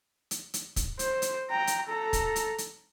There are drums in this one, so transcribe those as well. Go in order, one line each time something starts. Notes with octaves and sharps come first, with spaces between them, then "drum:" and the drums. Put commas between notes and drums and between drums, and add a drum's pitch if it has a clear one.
drum: hi-hat
drum: hi-hat
drum: kick, hi-hat
C5, drum: hi-hat
drum: hi-hat
G5 A#5
drum: hi-hat
A4 A#5
drum: kick, hi-hat
drum: hi-hat
drum: hi-hat